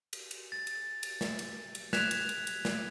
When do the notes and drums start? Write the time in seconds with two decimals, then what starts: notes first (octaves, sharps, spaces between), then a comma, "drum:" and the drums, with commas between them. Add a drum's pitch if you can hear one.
0.13 drum: cymbal
0.31 drum: cymbal
0.52 A6
0.67 drum: cymbal
1.03 drum: cymbal
1.21 drum: snare
1.39 drum: cymbal
1.75 drum: cymbal
1.93 F#6 G#6 B6 E7 F7, drum: snare
2.11 drum: cymbal
2.29 drum: cymbal
2.47 drum: cymbal
2.65 drum: snare